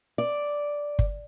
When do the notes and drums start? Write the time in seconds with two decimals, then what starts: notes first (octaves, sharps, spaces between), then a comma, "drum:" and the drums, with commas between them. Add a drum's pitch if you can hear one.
0.18 D5
0.99 drum: kick G1